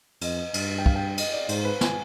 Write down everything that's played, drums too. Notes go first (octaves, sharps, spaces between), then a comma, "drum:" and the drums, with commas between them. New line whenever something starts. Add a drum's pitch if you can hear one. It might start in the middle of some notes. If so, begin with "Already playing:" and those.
F2 D#5, drum: cymbal
G2, drum: cymbal
G5
F5, drum: kick
G5
D#5, drum: cymbal
D5
G#2 C5, drum: cymbal
B4
G#5, drum: snare